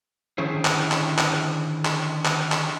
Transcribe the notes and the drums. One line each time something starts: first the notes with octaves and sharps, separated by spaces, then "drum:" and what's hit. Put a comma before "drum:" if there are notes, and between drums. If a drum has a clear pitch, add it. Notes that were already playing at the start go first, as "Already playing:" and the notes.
D3 D#3 C#4 E4 G#4 C5
drum: clap
drum: clap
drum: clap
drum: clap
drum: clap
drum: clap